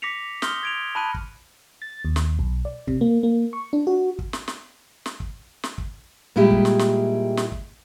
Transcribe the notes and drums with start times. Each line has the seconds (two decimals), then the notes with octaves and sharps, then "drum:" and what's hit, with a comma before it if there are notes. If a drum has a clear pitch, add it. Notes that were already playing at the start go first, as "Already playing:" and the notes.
0.02 D6 A#6 B6 C#7 F7
0.42 C6 D#6 F6 G6 A#6 G7, drum: snare
0.63 G#6 D7 F7
0.95 A5 B5 F#6 D#7
1.14 drum: kick
1.82 A6
2.05 D#2
2.16 drum: snare
2.39 B1
2.65 D5
2.87 C3, drum: kick
3.01 A#3
3.23 A#3
3.53 C#6
3.73 D4
3.87 F#4
4.19 drum: kick
4.33 drum: snare
4.48 drum: snare
5.06 drum: snare
5.20 drum: kick
5.64 drum: snare
5.78 drum: kick
6.36 A#2 G3 G#3 E4 G4
6.50 drum: kick
6.65 drum: snare
6.79 drum: snare
7.37 drum: snare
7.52 drum: kick